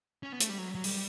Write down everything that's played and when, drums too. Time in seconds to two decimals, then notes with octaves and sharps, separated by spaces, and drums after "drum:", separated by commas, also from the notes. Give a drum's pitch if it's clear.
0.23 C#4
0.32 B3
0.41 A3, drum: hi-hat
0.49 G3
0.58 F#3
0.75 F#3
0.84 G3, drum: open hi-hat